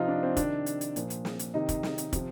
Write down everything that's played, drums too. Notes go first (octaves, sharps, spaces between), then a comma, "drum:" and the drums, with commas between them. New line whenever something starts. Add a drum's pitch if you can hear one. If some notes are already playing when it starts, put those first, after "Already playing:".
Already playing: C3 F3 D#4 F4
D4
C4
C3 D#3 D4, drum: kick, hi-hat
drum: hi-hat
drum: hi-hat
A#2 F3, drum: hi-hat
drum: hi-hat
drum: snare
drum: hi-hat
C3 D#3 D#4
drum: kick, hi-hat
drum: snare
drum: hi-hat
C3 F3, drum: kick, hi-hat